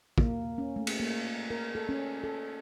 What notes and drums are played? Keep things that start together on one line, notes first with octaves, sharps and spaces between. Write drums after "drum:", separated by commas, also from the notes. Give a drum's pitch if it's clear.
A#3, drum: kick
C#4
A3
drum: cymbal
A#3
A#4
A4
C#4
A4